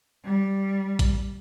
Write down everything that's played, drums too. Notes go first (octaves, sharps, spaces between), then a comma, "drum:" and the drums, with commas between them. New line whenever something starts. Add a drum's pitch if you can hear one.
G3
drum: kick, hi-hat